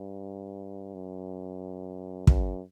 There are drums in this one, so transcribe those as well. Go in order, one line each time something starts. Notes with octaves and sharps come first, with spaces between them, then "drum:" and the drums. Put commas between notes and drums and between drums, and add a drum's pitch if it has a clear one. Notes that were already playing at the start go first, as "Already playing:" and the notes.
Already playing: G2
F#2
F#2, drum: kick